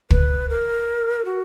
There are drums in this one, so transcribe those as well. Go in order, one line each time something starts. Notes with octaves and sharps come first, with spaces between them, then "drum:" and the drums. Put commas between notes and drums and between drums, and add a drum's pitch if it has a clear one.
B4, drum: kick
A#4
F#4